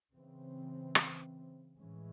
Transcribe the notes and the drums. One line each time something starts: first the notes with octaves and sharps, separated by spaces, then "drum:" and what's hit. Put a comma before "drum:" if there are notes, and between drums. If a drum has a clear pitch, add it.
C#3 E3 C4
drum: rim click
A2 E3 G#3 C#4